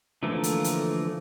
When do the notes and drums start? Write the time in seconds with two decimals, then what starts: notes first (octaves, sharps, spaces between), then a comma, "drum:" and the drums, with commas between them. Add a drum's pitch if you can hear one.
0.23 D3 E3 F3 A3 A#3
0.43 drum: hi-hat
0.64 drum: hi-hat